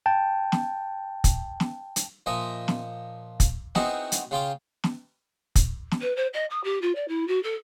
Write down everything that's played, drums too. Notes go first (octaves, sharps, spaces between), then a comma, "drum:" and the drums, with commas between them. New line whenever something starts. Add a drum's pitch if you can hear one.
G5 A5
drum: snare
drum: kick, hi-hat
drum: snare
drum: hi-hat
A#2 F3 D#5 E5
drum: snare
drum: kick, hi-hat
B3 C4 D#4 E4 F#4 G#4, drum: snare
drum: hi-hat
C#3 F4 G5 D6
drum: snare
drum: kick, hi-hat
drum: snare
B4
C5
D#5
D#6
G4
F4
D5
E4
F#4
A4